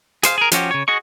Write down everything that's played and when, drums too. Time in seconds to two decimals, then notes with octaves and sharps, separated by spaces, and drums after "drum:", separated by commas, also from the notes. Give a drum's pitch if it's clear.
0.23 G#4 C5 F5, drum: hi-hat
0.38 G#4 A#4
0.52 F3 C#4 F#4 G4, drum: hi-hat
0.71 C#3 C#5
0.88 F#4 G#4 D#5 C#6